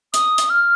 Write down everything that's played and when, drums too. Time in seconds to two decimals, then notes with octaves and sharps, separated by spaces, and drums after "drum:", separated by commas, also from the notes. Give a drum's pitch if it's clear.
0.14 D#6, drum: hi-hat
0.38 drum: hi-hat
0.50 F6